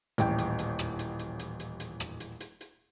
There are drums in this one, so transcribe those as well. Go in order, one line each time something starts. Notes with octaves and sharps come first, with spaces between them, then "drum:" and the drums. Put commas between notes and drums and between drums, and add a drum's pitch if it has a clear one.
D#1 A1 G5, drum: hi-hat
drum: hi-hat
drum: hi-hat
drum: rim click
drum: hi-hat
drum: hi-hat
drum: hi-hat
drum: hi-hat
drum: hi-hat
drum: rim click
drum: hi-hat
drum: hi-hat
drum: hi-hat